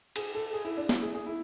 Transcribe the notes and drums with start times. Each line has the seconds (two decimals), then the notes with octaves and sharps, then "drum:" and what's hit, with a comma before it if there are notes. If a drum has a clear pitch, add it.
0.16 G#4, drum: cymbal
0.35 A4
0.53 G#4
0.65 E4
0.77 D4
0.89 E4, drum: snare
1.02 G#4
1.14 G#4
1.26 E4